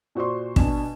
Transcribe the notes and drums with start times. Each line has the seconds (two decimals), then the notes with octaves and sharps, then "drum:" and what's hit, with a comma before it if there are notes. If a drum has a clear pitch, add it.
0.15 A#2 F#4 C5 D5 C6
0.56 B2 D4 G#5 E7, drum: kick